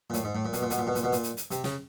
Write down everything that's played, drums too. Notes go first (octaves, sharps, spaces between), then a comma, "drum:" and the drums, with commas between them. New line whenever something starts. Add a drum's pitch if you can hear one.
A#2
A2, drum: hi-hat
G#2
A2
A#2
B2, drum: hi-hat
A#2
B2, drum: hi-hat
A#2
B2
A#2, drum: hi-hat
B2
A#2, drum: hi-hat
drum: hi-hat
drum: hi-hat
C3, drum: hi-hat
C#3, drum: snare